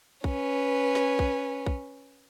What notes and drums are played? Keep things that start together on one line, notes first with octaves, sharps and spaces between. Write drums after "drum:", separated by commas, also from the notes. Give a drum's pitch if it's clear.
C#4 B4, drum: kick
drum: snare
drum: kick
drum: kick